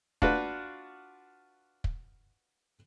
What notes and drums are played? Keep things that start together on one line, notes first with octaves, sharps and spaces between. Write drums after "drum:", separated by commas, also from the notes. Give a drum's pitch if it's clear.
D4 F4 F#4 B4, drum: kick
drum: kick